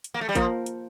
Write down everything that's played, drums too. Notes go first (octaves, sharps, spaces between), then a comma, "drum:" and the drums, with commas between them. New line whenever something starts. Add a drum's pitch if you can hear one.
drum: hi-hat
A#3
A3
G3
F3 A#3 F4 A#4, drum: kick A1, hi-hat
drum: hi-hat